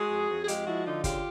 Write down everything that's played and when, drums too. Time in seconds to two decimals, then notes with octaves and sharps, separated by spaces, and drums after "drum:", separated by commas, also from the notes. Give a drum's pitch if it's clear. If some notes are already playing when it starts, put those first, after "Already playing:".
Already playing: G#3 F#4 G#4
0.10 F2
0.29 F2
0.43 G#4
0.48 G#3 F4 G4, drum: hi-hat
0.67 F3 E4 F#4
0.85 D3 D#4 F4
1.04 C#3 F4 G4, drum: kick, hi-hat